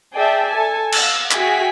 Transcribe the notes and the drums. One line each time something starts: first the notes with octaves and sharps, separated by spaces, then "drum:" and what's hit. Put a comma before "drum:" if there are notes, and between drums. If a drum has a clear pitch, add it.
G#4 D5 E5 G5 A5
A4 G#5 A5
F5 F#5 E6, drum: cymbal
F#4 G#4 E5 G5 G#5 B6, drum: clap